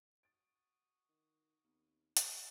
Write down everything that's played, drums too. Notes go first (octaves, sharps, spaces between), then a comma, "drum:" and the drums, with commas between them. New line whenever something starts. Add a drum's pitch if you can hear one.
F#4 D#6 A6 D7
D#3
D#2 B3 C4
drum: hi-hat